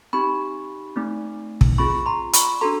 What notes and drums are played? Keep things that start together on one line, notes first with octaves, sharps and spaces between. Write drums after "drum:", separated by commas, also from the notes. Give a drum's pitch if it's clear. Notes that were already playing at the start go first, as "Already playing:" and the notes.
C4 D#4 G4 B5 C#6
A3 C4 D#4
drum: kick
C4 F4 G#4 B5 C#6
A#5 C6
B5 C#6, drum: hi-hat
D4 F#4 A4 A#5 C6